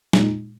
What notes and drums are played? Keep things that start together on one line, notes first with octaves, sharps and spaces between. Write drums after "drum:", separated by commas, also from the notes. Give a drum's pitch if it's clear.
A#2 G#3 D#4, drum: snare